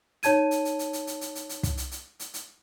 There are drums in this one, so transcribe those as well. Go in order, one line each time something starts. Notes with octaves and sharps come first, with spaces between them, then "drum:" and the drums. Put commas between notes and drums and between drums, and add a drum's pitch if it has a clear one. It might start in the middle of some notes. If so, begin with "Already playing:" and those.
D#4 C#5 A5 G#6 D#7, drum: hi-hat
drum: hi-hat
drum: hi-hat
drum: hi-hat
drum: hi-hat
drum: hi-hat
drum: hi-hat
drum: hi-hat
drum: hi-hat
drum: kick, hi-hat
drum: hi-hat
drum: hi-hat
drum: hi-hat
drum: hi-hat